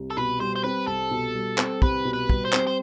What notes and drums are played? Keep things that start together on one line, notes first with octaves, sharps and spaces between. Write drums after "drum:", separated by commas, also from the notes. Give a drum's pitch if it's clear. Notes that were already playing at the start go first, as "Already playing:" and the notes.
Already playing: C2
A4
B2 B4
G3 C5
C5
C4 B4
C2 A4
B2
G3
C4, drum: clap
C2 B4, drum: kick
B2
B4
G3, drum: kick
C5
C4, drum: clap
C5